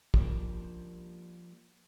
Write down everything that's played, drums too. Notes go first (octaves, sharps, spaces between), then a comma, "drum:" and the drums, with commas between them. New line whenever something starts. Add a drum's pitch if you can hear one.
F3 G3 A#3, drum: kick